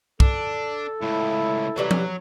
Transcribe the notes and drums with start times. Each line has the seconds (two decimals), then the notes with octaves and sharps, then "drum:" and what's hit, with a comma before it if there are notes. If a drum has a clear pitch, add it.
0.20 D4 A4, drum: kick
1.02 C#2 A2 E4
1.76 C3 E3 F#3 G3
1.91 drum: tom F3